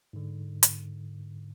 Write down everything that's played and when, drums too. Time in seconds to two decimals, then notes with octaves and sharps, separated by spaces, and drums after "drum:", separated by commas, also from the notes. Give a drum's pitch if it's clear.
0.13 G#2 D3
0.63 drum: hi-hat